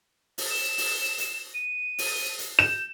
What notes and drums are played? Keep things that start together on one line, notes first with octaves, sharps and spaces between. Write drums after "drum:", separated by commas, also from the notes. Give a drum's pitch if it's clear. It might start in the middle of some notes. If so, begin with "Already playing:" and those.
drum: open hi-hat
E7
drum: open hi-hat
drum: hi-hat
D#7
drum: open hi-hat
drum: hi-hat
G6 E7